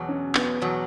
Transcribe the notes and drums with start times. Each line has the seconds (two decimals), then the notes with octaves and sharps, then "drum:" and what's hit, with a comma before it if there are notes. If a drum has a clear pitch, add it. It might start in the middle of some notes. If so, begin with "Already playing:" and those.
Already playing: E2 B2 F#3
0.09 C#4
0.35 B3, drum: clap
0.61 E2 B2 F#3